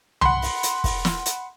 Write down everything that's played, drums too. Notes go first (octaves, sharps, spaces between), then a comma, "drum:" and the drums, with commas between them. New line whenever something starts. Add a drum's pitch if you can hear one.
F#5 B5 C6, drum: tom C2
drum: open hi-hat
drum: hi-hat
drum: kick, open hi-hat
drum: snare
drum: hi-hat